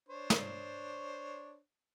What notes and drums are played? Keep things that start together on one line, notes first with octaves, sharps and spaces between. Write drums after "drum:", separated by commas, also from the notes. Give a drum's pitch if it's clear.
D4 C5 C#5
drum: snare